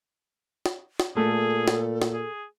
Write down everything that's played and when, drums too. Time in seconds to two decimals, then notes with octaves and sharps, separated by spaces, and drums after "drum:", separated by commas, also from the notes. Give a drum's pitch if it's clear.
0.66 drum: snare
1.00 drum: snare
1.17 A#2 A3 G#4 A4
1.68 drum: snare
2.02 drum: snare
2.13 G#4